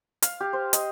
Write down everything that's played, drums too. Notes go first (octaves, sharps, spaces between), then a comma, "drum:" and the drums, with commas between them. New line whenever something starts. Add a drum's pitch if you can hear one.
F5, drum: hi-hat
G4
C5
D#5, drum: hi-hat